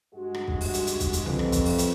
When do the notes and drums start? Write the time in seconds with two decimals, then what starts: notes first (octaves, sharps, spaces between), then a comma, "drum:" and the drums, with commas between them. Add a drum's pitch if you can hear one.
0.15 G2 G#3 F#4
0.34 drum: rim click
0.48 drum: kick
0.61 drum: open hi-hat
0.74 drum: hi-hat
0.87 drum: hi-hat
1.00 drum: kick, hi-hat
1.13 drum: hi-hat
1.26 C2 F2 B4, drum: tom B1
1.39 drum: rim click
1.52 drum: kick, hi-hat
1.65 drum: open hi-hat
1.78 drum: hi-hat